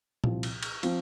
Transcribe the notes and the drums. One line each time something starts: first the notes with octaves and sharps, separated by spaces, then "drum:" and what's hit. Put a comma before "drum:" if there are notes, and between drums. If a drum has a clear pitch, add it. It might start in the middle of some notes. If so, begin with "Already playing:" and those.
C2 C3 F3, drum: tom A#2
drum: cymbal
drum: cymbal
F3 C4, drum: cymbal